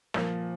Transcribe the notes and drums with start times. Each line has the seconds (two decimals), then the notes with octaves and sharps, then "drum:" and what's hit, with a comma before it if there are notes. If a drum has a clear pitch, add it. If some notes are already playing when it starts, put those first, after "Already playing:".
0.14 A#2 F3, drum: snare